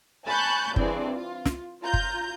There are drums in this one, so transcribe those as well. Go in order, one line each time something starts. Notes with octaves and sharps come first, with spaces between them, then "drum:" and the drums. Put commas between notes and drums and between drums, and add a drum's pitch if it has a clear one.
G#5 A5 B5 C#6 F#6 G6
G2 E3 C4 G#4 D5, drum: kick
F4
drum: snare
F4 A#5 G6
drum: kick